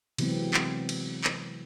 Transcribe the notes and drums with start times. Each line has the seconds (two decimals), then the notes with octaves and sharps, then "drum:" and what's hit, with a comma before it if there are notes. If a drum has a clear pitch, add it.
0.18 C3 E3 F#3 G#3 B3 C4, drum: cymbal
0.54 drum: clap
0.89 drum: cymbal
1.24 drum: clap